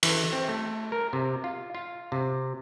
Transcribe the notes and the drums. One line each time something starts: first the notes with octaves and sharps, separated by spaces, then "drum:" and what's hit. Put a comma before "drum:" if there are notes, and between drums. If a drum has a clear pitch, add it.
E3, drum: cymbal
C4
A3
A#4
C3
F4
F4
C3